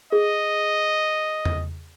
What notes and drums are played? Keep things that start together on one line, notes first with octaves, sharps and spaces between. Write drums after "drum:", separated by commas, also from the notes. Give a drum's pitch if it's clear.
G#4 D#5
drum: tom E2